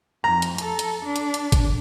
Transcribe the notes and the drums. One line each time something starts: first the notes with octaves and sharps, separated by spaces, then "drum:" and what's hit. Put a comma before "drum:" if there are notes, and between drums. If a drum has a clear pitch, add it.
F2 A#5
drum: hi-hat
A4, drum: hi-hat
drum: hi-hat
D4
drum: hi-hat
drum: hi-hat
drum: kick, hi-hat